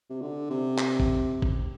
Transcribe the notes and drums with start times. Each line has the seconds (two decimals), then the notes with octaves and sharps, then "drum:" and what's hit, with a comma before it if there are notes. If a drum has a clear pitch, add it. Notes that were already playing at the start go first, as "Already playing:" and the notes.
0.10 C3
0.21 D3
0.50 C3
0.78 drum: clap
1.00 drum: kick A#1
1.42 drum: kick A#1